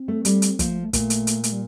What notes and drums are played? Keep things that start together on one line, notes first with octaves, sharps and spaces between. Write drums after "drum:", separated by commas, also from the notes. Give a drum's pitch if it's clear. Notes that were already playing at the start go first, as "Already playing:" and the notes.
Already playing: C4
A3
G3, drum: hi-hat
drum: hi-hat
F3 A#3, drum: kick, hi-hat
A3
A3
A#2 A3, drum: kick, hi-hat
drum: hi-hat
drum: hi-hat
A3, drum: hi-hat
G3